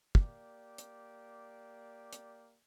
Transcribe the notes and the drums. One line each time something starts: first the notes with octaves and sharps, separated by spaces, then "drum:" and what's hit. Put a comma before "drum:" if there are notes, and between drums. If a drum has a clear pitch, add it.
A#3 G4 D5, drum: kick
drum: hi-hat
drum: hi-hat